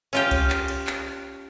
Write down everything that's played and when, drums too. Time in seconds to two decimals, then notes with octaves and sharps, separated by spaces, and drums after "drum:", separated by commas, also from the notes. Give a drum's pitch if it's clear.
0.13 C#4 F4 G4
0.31 drum: kick C2, cymbal
0.50 drum: clap
0.68 drum: cymbal
0.87 drum: clap